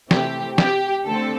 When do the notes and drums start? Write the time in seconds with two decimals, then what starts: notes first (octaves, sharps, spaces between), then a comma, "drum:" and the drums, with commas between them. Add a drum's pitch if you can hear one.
0.11 C3 E3 A3 C4 G4, drum: snare
0.58 G4, drum: snare
1.06 D3 A3 C4 A4